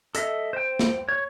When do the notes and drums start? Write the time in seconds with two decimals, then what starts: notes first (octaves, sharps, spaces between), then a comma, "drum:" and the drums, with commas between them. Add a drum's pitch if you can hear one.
0.15 A4 D#5 E5, drum: hi-hat
0.53 C5 G5
0.79 drum: snare
1.09 C#5